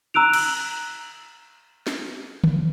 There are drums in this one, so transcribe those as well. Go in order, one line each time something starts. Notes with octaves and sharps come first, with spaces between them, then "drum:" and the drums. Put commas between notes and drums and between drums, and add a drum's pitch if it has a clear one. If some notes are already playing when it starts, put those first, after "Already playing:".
A#5 E6 F#6 D7 F7
drum: cymbal
drum: snare
drum: tom D3